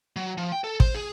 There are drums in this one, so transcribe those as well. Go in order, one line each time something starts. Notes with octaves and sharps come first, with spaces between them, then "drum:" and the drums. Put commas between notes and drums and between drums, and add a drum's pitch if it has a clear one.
F#3
F3
G5
A4
C5, drum: kick
G#4